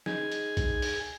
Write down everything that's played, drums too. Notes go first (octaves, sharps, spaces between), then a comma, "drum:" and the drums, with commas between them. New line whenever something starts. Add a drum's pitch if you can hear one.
D#4 G#4, drum: snare
drum: hi-hat
drum: kick A#1, hi-hat
drum: open hi-hat